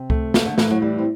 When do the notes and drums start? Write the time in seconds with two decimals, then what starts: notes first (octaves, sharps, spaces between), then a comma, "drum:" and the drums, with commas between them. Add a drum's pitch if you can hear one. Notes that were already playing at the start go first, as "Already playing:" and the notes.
Already playing: C3
0.10 A3, drum: kick C#2
0.34 A3, drum: snare
0.46 D3
0.58 A2 E3, drum: snare
0.71 F#3
0.82 E3 G3
0.98 C4